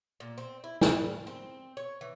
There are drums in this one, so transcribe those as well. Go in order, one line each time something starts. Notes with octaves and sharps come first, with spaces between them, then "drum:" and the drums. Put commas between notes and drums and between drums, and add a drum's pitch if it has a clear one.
A#2
C4
E4
G3, drum: snare
C4
C#5
E3